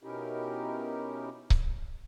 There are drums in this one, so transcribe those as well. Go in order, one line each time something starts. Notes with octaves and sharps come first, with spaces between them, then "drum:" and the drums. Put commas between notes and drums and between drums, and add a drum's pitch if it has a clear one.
B2 C#4 D#4 E4 G4 A#4
drum: kick C#1